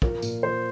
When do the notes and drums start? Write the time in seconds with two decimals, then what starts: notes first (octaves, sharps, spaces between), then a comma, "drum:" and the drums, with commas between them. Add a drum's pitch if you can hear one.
0.02 F3 A#4, drum: kick
0.22 A#2, drum: tambourine
0.43 F3 C5